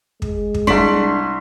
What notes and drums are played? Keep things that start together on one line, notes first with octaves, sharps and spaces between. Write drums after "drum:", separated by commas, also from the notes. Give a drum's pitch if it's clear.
G#3, drum: kick
drum: kick
C2 D4 C6 C#6 B6 F#7